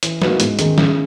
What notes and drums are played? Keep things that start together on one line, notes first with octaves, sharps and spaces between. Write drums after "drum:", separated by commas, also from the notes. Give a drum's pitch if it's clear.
E3, drum: hi-hat
A#3 D#4 F#4 B4, drum: snare
G#2, drum: hi-hat
D#3 G#3 D#4, drum: hi-hat
C#3, drum: snare